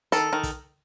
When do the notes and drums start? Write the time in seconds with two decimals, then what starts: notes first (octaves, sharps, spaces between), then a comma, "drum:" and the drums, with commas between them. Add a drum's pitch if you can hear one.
0.12 D#3 A4, drum: hi-hat
0.33 D#3
0.43 drum: kick, hi-hat